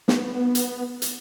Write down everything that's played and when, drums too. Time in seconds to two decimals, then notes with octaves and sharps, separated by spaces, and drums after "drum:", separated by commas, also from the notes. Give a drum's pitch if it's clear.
0.08 B3, drum: snare
0.55 drum: hi-hat
1.02 drum: hi-hat